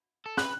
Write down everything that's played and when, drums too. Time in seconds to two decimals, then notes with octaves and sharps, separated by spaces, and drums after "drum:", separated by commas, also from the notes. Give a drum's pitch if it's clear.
0.26 A4
0.37 B4 F#6, drum: snare